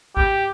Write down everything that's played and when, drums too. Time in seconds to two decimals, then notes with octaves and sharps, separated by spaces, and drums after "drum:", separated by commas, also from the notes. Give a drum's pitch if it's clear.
0.17 G4, drum: kick G#1